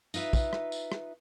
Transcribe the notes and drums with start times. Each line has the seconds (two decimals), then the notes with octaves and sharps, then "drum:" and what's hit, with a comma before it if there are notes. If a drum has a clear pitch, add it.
0.14 D#4 F4 B4 E5, drum: tambourine
0.33 drum: kick, tambourine
0.53 drum: rim click
0.72 drum: tambourine
0.92 drum: rim click